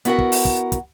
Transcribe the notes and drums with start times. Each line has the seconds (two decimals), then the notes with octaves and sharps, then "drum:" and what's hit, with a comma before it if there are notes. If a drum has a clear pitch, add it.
0.05 B3 E4 F#4 A#4 F#5, drum: hi-hat
0.18 drum: kick
0.32 drum: open hi-hat
0.45 drum: kick
0.72 drum: kick, hi-hat